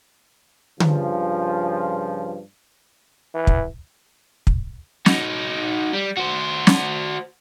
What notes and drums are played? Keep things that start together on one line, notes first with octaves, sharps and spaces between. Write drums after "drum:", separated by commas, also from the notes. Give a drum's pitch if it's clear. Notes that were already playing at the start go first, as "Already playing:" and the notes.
G2 C#3 F3, drum: tom D3
E3
drum: kick
drum: kick
D#4 F#4, drum: snare
G3
F#4 C5
drum: snare